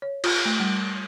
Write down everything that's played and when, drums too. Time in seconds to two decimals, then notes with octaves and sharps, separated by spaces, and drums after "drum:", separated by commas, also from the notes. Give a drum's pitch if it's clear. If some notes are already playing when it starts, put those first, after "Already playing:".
0.02 C#5
0.24 F4, drum: cymbal
0.45 A3
0.60 G3